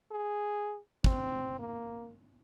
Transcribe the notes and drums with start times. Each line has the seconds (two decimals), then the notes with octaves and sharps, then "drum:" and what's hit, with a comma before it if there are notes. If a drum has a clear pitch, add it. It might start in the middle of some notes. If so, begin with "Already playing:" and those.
0.11 G#4
1.04 C4, drum: kick
1.59 A#3